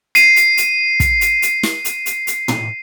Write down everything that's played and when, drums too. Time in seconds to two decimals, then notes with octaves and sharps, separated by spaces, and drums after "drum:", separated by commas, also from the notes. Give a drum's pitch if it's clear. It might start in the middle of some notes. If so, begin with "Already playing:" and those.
0.15 C7 D#7, drum: hi-hat
0.36 drum: hi-hat
0.57 drum: hi-hat
1.00 drum: kick, hi-hat
1.21 drum: hi-hat
1.42 drum: hi-hat
1.63 drum: snare
1.85 drum: hi-hat
2.06 drum: hi-hat
2.27 drum: hi-hat
2.48 drum: tom